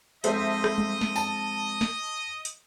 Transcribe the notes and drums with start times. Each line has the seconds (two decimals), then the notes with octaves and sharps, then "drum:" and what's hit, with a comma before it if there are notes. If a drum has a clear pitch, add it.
0.24 F2 G#2 A4 C5 D#5 E5, drum: hi-hat
0.64 drum: rim click
0.78 drum: tom G3
1.01 drum: snare
1.16 A5, drum: tambourine
1.81 drum: snare
2.45 drum: hi-hat